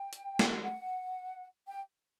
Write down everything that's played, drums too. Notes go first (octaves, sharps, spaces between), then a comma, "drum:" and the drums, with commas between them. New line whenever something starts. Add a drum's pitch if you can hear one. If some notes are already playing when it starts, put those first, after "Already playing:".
Already playing: G5
drum: hi-hat
drum: snare
F#5
G5